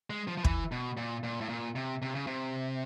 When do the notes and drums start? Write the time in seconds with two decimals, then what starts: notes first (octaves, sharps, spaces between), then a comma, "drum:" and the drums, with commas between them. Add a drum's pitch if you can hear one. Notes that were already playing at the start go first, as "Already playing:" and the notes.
0.10 G#3
0.28 F3
0.38 F3
0.44 E3, drum: kick
0.72 B2
0.97 A#2
1.23 A#2
1.41 A2
1.49 A#2
1.76 C3
2.02 C3
2.15 C#3
2.27 C3